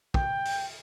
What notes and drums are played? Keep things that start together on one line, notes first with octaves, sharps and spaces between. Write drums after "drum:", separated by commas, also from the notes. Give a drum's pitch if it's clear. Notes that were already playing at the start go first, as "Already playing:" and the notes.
G5, drum: kick
drum: open hi-hat